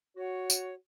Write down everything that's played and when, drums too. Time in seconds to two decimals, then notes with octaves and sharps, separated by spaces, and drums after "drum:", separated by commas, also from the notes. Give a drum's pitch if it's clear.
0.17 F#4 C#5
0.50 drum: tambourine